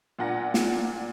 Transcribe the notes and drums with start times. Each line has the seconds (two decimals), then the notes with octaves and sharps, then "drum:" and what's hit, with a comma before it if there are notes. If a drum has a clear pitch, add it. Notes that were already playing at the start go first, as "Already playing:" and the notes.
0.19 A#2 D4 F4 F#5 A#5 A#6
0.54 drum: snare